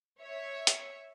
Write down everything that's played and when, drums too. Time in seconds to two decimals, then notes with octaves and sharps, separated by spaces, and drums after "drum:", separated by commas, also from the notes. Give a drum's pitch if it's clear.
0.20 C#5 E5
0.67 drum: hi-hat